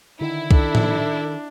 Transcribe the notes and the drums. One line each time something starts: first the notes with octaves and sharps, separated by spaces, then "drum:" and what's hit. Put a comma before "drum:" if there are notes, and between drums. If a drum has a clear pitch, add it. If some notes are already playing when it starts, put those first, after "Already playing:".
D3 D#3 E4
D#3 D4 A4, drum: kick
drum: tom